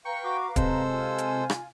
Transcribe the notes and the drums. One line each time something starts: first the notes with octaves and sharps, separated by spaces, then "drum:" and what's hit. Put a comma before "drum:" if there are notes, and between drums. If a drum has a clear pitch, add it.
B4 F5 G5 A#5 C#6 C#7
F#4 D6
C3 G#3 A4 C5 E6, drum: kick, hi-hat
F4 G#5
drum: hi-hat
drum: rim click